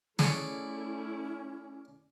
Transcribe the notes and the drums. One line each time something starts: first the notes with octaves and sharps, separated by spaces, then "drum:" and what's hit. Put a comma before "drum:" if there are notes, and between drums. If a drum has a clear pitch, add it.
A3 C#4 E4 G#4 C#5 D5 D#6, drum: snare